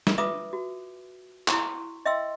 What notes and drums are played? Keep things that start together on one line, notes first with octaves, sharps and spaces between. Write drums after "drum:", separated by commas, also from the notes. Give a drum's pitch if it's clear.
drum: snare
F4 B4 E5 D6 D#6
F#4
E4 C6 C#6, drum: clap
D#5 E5 G5 C6 E6